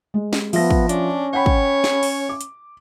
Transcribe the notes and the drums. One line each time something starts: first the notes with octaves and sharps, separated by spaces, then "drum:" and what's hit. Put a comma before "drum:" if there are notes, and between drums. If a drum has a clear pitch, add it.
G#3
drum: snare
F3 B3 E5 A#6, drum: open hi-hat
drum: kick
C#4 D4, drum: hi-hat
C#5 F#5 G5 B5
drum: kick
drum: snare
drum: open hi-hat
D6
drum: hi-hat